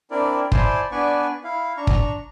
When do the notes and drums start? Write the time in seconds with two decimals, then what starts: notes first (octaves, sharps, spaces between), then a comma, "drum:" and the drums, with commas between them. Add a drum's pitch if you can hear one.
0.11 C4 D4 E4 A#4 D5
0.52 E4 C5 D5 G#5 A5 C6, drum: kick
0.92 B3 D4 B4 D5 G#5 C#6
1.44 E4 F5
1.77 D4 A#5 C#6
1.87 drum: kick